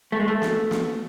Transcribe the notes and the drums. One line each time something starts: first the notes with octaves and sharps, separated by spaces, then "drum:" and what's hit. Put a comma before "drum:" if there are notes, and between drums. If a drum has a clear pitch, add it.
A3
G#3
A3
drum: snare
drum: snare